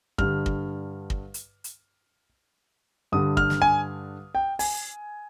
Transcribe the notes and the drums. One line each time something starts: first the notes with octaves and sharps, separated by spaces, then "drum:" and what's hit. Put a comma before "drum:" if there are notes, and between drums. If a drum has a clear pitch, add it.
G2 D3 F6, drum: kick
drum: kick
drum: kick
drum: hi-hat
drum: hi-hat
G2 D3 D#6
F6, drum: kick
drum: snare
G#5
G5
G#5, drum: open hi-hat